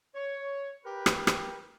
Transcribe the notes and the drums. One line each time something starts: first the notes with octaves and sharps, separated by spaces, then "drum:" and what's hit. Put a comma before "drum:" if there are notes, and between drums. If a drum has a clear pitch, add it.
C#5
G4 A#4 B4
drum: rim click
drum: rim click